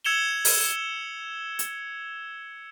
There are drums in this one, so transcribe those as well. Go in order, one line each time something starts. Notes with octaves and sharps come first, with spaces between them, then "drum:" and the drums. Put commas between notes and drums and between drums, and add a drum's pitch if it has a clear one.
E6 G#6 C#7 E7 F7 G7
drum: open hi-hat
drum: hi-hat